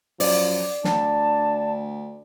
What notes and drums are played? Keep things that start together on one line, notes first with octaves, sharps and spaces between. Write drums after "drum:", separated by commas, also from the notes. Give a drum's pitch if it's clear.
F#2 F3 D5, drum: open hi-hat
D2 D4 A5, drum: snare